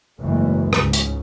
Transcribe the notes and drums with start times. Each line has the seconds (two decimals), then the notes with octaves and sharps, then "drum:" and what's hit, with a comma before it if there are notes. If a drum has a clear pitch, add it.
0.19 F#1 G#2 E3 G#3 A3
0.73 C#2 G#2 C#3, drum: rim click
0.93 drum: hi-hat